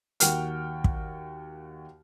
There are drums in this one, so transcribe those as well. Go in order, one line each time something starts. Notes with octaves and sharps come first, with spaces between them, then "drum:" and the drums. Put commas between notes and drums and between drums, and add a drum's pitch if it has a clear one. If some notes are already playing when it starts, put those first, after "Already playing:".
D#2 F#4 A#4 G5 F6, drum: hi-hat
drum: kick